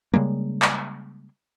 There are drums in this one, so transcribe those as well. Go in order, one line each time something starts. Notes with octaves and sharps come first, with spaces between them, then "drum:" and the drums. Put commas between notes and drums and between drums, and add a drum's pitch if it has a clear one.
C#3 G3 G#3 A#3
drum: clap